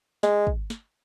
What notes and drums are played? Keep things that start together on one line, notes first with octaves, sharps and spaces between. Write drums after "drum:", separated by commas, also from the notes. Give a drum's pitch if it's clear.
G#3, drum: snare
drum: kick
drum: snare